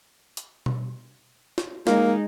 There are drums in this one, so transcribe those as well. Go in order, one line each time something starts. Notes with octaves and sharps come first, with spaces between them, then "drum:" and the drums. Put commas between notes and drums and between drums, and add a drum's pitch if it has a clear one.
drum: hi-hat
drum: tom B2
drum: snare
G#3 A#3 D#4, drum: snare